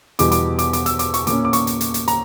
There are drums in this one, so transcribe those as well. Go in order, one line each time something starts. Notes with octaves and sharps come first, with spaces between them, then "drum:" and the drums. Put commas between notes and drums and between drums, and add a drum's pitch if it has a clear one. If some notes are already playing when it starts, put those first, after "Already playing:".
E2 B2 G3 B3 D6, drum: hi-hat
D6, drum: hi-hat
D6, drum: hi-hat
D6, drum: hi-hat
E6, drum: hi-hat
D6, drum: hi-hat
C#6, drum: hi-hat
A#2 A#3 C#4 D6, drum: hi-hat
D6
C#6, drum: hi-hat
drum: hi-hat
drum: hi-hat
drum: hi-hat
A#5, drum: hi-hat